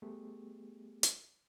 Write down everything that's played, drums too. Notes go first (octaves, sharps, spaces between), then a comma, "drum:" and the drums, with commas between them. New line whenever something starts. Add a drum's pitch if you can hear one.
G3 A3 B3 G4 G#4
drum: hi-hat